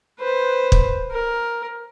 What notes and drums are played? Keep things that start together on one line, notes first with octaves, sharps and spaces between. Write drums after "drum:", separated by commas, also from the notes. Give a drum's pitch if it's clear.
B4 C5
drum: kick
A#4